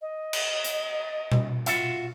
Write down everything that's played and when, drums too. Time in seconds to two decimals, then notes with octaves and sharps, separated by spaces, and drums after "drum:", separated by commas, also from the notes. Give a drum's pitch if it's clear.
0.01 D#5
0.33 drum: cymbal
0.64 drum: hi-hat
1.32 drum: tom B2
1.66 F4 F#4 E5, drum: hi-hat